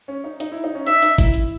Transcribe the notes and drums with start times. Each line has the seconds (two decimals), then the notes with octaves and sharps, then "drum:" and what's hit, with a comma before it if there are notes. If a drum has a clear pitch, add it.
0.08 C#4
0.24 D#4
0.40 D#4, drum: hi-hat
0.52 E4
0.64 D#4
0.75 C#4
0.86 D#4 E5, drum: hi-hat
1.02 D#4, drum: hi-hat
1.18 E4, drum: kick G#1, hi-hat
1.34 drum: hi-hat